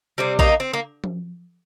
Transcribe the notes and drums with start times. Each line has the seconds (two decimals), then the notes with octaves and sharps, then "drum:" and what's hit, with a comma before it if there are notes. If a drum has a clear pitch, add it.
0.18 C3 G3 C4
0.39 A#3 D#4, drum: kick A#1
0.60 C4
0.73 A#3
1.04 drum: tom F3